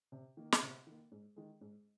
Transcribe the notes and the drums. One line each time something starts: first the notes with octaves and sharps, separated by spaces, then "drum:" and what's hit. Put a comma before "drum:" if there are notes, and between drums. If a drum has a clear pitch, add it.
C3
D#3 A#3
drum: snare
C3
D#3 A#3
G#2
D#3 G#3
G#2